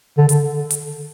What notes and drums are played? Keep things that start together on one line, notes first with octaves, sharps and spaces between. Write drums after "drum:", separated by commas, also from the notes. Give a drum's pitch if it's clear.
D3
D3, drum: hi-hat
drum: hi-hat